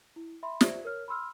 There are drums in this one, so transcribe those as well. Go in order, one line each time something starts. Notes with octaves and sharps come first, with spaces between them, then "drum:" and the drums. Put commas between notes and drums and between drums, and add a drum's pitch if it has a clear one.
E4
E5 B5 C6
F4 G4 C5 D5 E5, drum: snare
A#4 C#5 F6
B5 C6 E6 F6